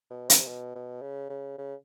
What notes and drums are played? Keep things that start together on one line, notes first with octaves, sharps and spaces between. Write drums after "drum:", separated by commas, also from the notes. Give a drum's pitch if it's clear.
B2
C3, drum: hi-hat
B2
B2
C#3
C#3
C#3